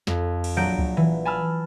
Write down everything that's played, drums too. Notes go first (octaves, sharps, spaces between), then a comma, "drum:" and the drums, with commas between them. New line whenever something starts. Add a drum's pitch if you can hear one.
F2, drum: snare
drum: cymbal
A#1 F#3 F#5 G6 D7
drum: kick C#2
E3
G#5 A5 B5 E6 F6